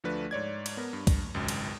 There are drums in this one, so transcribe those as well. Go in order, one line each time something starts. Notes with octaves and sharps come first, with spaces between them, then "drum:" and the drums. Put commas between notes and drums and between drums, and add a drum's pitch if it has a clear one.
D2 F3 A3 D4 B4
G#2 C#5 D5 G#6
drum: cymbal
B3 A#4
G2
drum: kick, cymbal
G#1 C#2 F#2
drum: cymbal